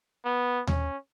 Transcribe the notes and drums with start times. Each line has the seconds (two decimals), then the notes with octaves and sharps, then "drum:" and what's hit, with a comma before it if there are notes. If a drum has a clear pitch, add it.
0.25 B3
0.67 C#4, drum: tom D#2